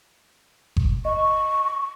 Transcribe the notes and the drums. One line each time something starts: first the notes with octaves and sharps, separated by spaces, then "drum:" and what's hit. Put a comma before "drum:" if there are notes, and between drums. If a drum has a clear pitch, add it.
drum: kick G1
D#5 C#6